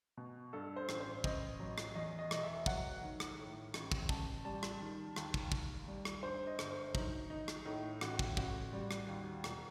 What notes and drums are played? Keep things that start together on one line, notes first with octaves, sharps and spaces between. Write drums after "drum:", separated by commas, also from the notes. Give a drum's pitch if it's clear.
B2
G2 A4
C5
A1, drum: rim click
C5
A1 D#5, drum: kick
F#3
drum: rim click
E2 D#5
D#5
E1 D#5, drum: rim click
E5
F#3 F#5, drum: kick
D#3
drum: rim click
A2
A1, drum: rim click
drum: kick
A1 A5, drum: kick
G3 A5
drum: rim click
D#3
D#2, drum: rim click
drum: kick
D#2, drum: kick
G3
drum: rim click
G2 C5
D#5
G1, drum: rim click
C5
F#3 D#4, drum: kick
D#3 D#4
drum: rim click
A2 D#4
A1 F#4, drum: rim click
drum: kick
A1 F#4, drum: kick
G3
drum: rim click
D#2
E1, drum: rim click